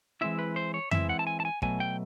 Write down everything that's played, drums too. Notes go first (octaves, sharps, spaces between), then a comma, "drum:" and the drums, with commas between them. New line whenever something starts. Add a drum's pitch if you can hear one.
E3 G#3 C4 E4 E5
B4
C5
C#5
E3 G#3 C4 E4 E5, drum: tom F2
F#5
A5
G#5
A5
G#5
B2 F#3 A3 G#5, drum: kick
G5